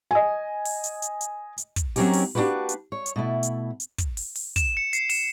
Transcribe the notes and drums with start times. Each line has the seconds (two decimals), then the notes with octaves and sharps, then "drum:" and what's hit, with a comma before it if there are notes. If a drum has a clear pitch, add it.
0.11 D#5 G#5
0.65 drum: open hi-hat
0.84 drum: hi-hat
1.02 drum: hi-hat
1.21 drum: hi-hat
1.58 drum: hi-hat
1.76 drum: kick, hi-hat
1.96 F#3 A#3 C4 C#4 D#4 G4, drum: open hi-hat
2.13 drum: open hi-hat
2.35 A#3 D4 D#4 F#4 G4 B4
2.69 drum: hi-hat
2.92 C#5
3.06 drum: hi-hat
3.16 B2 A3 E4
3.43 drum: hi-hat
3.80 drum: hi-hat
3.98 drum: kick, hi-hat
4.17 drum: open hi-hat
4.35 drum: open hi-hat
4.56 E7, drum: kick, hi-hat
4.77 C#7
4.93 C7, drum: hi-hat
5.10 E7, drum: open hi-hat